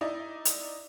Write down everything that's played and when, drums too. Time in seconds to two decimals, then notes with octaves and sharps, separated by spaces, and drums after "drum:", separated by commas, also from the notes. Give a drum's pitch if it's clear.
0.01 D#4 E4 D5 D#5
0.45 drum: hi-hat